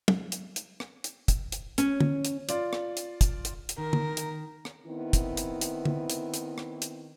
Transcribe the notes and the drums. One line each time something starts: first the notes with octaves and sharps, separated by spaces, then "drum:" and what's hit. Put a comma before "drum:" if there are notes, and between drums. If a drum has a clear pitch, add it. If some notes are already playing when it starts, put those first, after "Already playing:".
drum: tom
drum: hi-hat
drum: hi-hat
drum: rim click
drum: hi-hat
drum: kick, hi-hat
drum: hi-hat
C#4, drum: hi-hat
drum: tom
drum: hi-hat
F4 D5, drum: hi-hat
drum: rim click
drum: hi-hat
drum: kick, hi-hat
drum: hi-hat
drum: hi-hat
D#3 A#4
drum: tom
drum: hi-hat
drum: rim click
D#3 B3 C4 E4
drum: kick, hi-hat
drum: hi-hat
drum: hi-hat
drum: tom
drum: hi-hat
drum: hi-hat
drum: rim click
drum: hi-hat